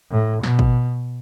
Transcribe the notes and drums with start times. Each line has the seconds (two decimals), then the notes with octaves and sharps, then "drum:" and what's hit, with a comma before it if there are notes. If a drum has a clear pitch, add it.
0.11 A2
0.43 B2, drum: snare
0.59 drum: kick